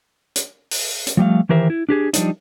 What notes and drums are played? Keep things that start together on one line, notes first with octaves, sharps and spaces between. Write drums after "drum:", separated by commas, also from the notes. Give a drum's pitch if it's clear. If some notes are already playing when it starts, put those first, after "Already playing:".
drum: hi-hat
drum: open hi-hat
drum: hi-hat
F3 G3 A3 F5
D#3 E3 G4 A#4 C5 E5
E4
D4 G4 G#4
F3 G3 D4 D#4, drum: hi-hat